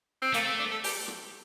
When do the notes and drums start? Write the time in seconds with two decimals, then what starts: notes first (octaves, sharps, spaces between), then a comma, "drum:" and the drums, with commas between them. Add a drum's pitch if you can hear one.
0.22 C4
0.34 A3 A#3, drum: hi-hat
0.47 C4
0.59 D4
0.71 A4
0.84 G4, drum: open hi-hat
1.08 drum: rim click